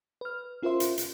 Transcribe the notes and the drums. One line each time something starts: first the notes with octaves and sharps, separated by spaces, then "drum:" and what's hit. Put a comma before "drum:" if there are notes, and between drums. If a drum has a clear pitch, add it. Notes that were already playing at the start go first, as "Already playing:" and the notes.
B4 F6
C#4 F4 A#4 C5 E5 C6
drum: hi-hat
drum: hi-hat